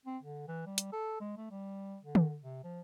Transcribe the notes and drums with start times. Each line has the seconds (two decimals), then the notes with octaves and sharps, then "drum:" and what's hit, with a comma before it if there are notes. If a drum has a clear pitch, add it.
0.05 C4
0.23 D3
0.48 E3
0.66 G3
0.78 drum: hi-hat
0.93 A4
1.20 G#3
1.37 A3
1.51 G3
2.03 D3
2.15 drum: tom
2.43 C3
2.64 F3